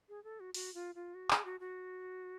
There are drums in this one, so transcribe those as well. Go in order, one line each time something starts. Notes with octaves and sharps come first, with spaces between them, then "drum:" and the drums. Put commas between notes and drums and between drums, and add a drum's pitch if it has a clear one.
G#4
A4
F#4
F#4, drum: open hi-hat
F4
F4
F#4
G#4, drum: clap
F#4
F#4